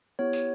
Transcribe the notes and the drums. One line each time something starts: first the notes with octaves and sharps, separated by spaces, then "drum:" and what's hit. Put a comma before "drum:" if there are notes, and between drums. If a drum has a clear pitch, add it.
B3 E4 G4 C#5
drum: tambourine